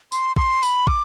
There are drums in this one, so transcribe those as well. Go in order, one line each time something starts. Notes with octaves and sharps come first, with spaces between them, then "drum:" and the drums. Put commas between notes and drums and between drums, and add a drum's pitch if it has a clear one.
C6, drum: tambourine
C6, drum: kick
B5, drum: tambourine
D6, drum: kick